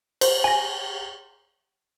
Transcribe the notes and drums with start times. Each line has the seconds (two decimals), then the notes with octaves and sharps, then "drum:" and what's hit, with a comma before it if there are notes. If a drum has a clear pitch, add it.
0.21 C5, drum: cymbal
0.44 G#5 A#6